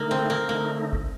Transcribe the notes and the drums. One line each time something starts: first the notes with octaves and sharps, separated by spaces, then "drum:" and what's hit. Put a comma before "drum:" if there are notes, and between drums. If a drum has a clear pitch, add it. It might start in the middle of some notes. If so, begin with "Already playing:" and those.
Already playing: D3 A3 A#3 D#4
C4
A#3
D3 A3 A#3 D#4
drum: kick F#1